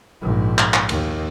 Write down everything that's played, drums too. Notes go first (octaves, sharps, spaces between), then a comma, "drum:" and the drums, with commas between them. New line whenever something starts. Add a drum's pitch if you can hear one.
A#1 G#2
drum: clap
drum: clap
D#2, drum: cymbal